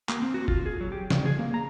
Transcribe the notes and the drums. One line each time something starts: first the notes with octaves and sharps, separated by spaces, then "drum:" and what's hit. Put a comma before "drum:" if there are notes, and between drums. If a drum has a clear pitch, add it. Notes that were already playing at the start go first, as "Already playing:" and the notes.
A#3, drum: clap
C4
F#4
F4, drum: kick F1
G#4
F#3
G4
C#3, drum: snare
G#4
A#3
A#5